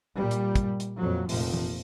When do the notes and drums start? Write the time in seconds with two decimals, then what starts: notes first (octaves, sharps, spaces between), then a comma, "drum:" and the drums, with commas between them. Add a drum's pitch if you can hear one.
0.17 A#2 G3
0.31 drum: hi-hat
0.55 drum: kick, hi-hat
0.80 drum: hi-hat
0.99 F2 A#2 F#3
1.29 F1 A#2 F3, drum: open hi-hat
1.53 drum: tom